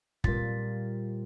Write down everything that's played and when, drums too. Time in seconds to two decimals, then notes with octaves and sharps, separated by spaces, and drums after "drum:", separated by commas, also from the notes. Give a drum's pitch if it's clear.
0.24 A#2 G3 C4 F4 A6 B6, drum: kick